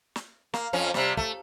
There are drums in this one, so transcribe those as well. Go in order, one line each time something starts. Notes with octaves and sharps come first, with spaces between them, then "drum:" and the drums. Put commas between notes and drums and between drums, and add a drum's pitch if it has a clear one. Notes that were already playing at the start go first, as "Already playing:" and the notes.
drum: snare
A#3, drum: snare
F2 F3 C#4
C3 G3, drum: snare
A3, drum: kick